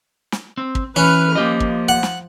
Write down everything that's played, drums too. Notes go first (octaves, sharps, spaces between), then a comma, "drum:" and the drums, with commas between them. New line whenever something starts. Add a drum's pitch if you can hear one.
drum: snare
C4
drum: kick
E3 C#4 B4 F6
F3 A#3 G4 D#5
drum: kick
F#5
drum: snare